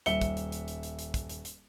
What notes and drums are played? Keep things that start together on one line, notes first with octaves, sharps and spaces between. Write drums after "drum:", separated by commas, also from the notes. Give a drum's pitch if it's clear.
D#1 E5 C#7 G7, drum: hi-hat
drum: kick, hi-hat
drum: hi-hat
drum: hi-hat
drum: hi-hat
drum: hi-hat
drum: hi-hat
drum: kick, hi-hat
drum: hi-hat
drum: hi-hat